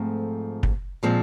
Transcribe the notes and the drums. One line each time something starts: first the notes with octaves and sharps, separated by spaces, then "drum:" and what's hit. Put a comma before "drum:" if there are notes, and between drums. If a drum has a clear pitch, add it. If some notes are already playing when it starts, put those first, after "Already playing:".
Already playing: G#2 F3 A3 C4
drum: kick
A#2 F3 G#3 C4